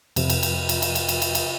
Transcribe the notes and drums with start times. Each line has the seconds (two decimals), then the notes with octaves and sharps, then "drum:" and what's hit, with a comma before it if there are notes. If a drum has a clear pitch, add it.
0.16 F2 C3 F3, drum: cymbal
0.30 drum: cymbal
0.43 drum: cymbal
0.69 drum: cymbal
0.82 drum: cymbal
0.95 drum: cymbal
1.09 drum: cymbal
1.22 drum: cymbal
1.35 drum: cymbal